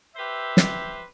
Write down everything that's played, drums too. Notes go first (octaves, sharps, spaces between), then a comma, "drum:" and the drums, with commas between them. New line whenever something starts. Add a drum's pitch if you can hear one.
G4 B4 C5 E5
drum: snare